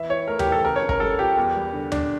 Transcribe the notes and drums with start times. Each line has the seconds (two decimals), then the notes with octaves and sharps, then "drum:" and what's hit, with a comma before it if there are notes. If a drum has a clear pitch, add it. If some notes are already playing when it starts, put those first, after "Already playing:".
Already playing: E3 E5
0.10 E4 C#5
0.28 A3 A#4
0.39 G4, drum: tom D#2
0.46 E3
0.52 A4
0.64 C#3 A#4
0.76 C#5
0.82 C#4
0.89 A#4, drum: kick
1.00 G3 A4
1.19 F4 G4
1.37 E2
1.56 G3
1.73 D3
1.92 D4, drum: tom D#2